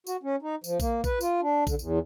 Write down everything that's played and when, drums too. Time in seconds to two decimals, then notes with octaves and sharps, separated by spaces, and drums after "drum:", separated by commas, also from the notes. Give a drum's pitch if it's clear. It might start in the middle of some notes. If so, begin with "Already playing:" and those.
0.07 F#4, drum: tambourine
0.23 C#4
0.42 D#4
0.64 F3, drum: tambourine
0.80 A#3, drum: kick A#1, tambourine
1.04 B4, drum: kick A#1, tambourine
1.21 F4, drum: tambourine
1.41 D4
1.67 D3, drum: kick A#1, tambourine
1.79 E2, drum: tambourine